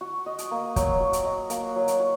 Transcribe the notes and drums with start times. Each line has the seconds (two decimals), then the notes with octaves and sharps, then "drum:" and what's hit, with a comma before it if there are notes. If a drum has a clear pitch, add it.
0.01 F#4
0.26 D#5
0.38 drum: hi-hat
0.51 A#3
0.76 F#3, drum: kick, hi-hat
1.00 F#4
1.13 drum: hi-hat
1.25 D#5
1.50 A#3, drum: hi-hat
1.76 F#3
1.88 drum: hi-hat
2.00 F#4